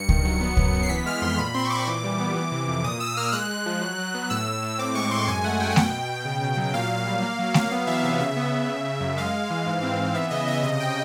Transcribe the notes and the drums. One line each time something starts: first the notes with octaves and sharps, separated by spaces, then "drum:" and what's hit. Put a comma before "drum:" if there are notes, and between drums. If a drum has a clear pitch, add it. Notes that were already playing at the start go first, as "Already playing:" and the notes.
Already playing: G2 C#7
D#3, drum: kick C#2
F#3
B3
F#2, drum: kick C#2
B3
C7
E3 B6
G#3 F6
F2 C6
A#2 B5
C4 C6
C#6
A#2 D6
E3
G3
B3
E3
C3
F2
A#2 D#6
A#2 E6
A#3 F6
G#3 F#6
G#3
F3
F#3
F#3
B3
A2 E6
A2
A2
C4 D6
G#3 C#6
G#3 C6
F#2 G#5
A3 F#5
F#2 G5
F#5
B2 G5, drum: snare A3
B2
B2
C#3
C#3
F#3
A#2 F5
A#2
G3
A#3
F#3
F#3, drum: snare A3
B3 F5
E3 E5
C3 E5
C#3 E5
B3
C#3
C#3
C#3
F#2
G#3 F5
G#3
E3
G#2
C4
E3
B3 E5
C#3 D#5
C#3 D#5
C3 D#5
C3 G5